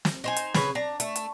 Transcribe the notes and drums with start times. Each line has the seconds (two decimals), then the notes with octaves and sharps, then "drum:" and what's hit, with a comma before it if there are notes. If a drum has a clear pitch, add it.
0.05 drum: snare
0.24 D#4 C5 G#5
0.36 drum: hi-hat
0.54 C#3 B4 G#5, drum: snare
0.75 D4 A#5
1.00 A3, drum: hi-hat
1.16 drum: hi-hat